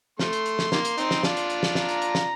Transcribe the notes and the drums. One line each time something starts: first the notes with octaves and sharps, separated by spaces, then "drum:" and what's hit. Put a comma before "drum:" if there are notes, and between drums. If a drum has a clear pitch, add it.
C3 F3 A3 C6, drum: snare
drum: hi-hat
drum: hi-hat
drum: snare
D#3 G3 A#3, drum: snare
drum: hi-hat
C4 D#4, drum: hi-hat
drum: snare
D4 F4, drum: snare
drum: hi-hat
drum: hi-hat
drum: snare
A#5, drum: snare
drum: hi-hat
drum: hi-hat
drum: snare